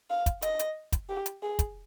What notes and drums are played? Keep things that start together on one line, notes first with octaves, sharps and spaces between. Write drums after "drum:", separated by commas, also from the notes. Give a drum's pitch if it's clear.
F5
drum: kick, hi-hat
D#5, drum: hi-hat
drum: hi-hat
drum: kick, hi-hat
G4
drum: hi-hat
G#4
drum: kick, hi-hat